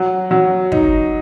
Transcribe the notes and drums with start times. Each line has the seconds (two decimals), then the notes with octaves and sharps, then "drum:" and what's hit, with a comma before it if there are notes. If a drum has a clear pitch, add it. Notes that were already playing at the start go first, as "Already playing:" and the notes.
Already playing: F#3
0.31 F#3
0.72 D#4, drum: kick